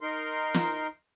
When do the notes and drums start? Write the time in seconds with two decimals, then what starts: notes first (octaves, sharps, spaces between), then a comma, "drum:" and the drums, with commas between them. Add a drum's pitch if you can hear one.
0.01 D#4 A#4 C6
0.54 drum: snare